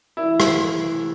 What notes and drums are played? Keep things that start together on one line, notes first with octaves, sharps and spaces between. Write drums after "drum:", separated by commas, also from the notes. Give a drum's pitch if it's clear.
C3 E3 A3 E4
drum: rim click